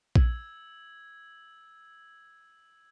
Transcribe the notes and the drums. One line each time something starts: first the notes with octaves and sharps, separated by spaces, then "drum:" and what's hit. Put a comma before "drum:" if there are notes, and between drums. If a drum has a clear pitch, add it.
E6 G#6 F#7, drum: kick A#1